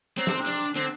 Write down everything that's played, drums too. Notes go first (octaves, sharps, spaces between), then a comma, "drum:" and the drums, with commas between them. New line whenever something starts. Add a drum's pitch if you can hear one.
F#3 C4
D3, drum: snare
C3
D4
D3 C4